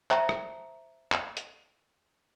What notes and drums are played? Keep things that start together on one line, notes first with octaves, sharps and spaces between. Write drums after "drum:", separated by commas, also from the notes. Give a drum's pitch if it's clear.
C5 E5 G5 A5 A#5 C#6, drum: clap
drum: rim click
drum: clap
drum: hi-hat